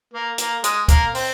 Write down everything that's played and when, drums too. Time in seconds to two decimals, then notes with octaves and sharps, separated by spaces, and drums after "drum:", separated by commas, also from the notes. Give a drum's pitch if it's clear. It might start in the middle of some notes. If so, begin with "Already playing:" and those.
0.13 A#3
0.38 A#3, drum: hi-hat
0.64 G#3, drum: hi-hat
0.88 A#3, drum: kick, hi-hat
1.15 C4, drum: open hi-hat